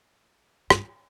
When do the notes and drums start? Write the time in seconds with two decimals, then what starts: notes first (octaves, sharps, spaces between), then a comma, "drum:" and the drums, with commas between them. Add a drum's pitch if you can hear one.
0.70 G2, drum: rim click